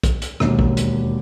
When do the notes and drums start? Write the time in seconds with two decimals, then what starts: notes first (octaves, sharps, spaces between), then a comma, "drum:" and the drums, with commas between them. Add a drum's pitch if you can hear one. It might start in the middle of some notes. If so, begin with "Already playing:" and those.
0.03 drum: kick, hi-hat
0.22 drum: hi-hat
0.40 E1 D#2, drum: rim click
0.59 drum: kick
0.77 drum: hi-hat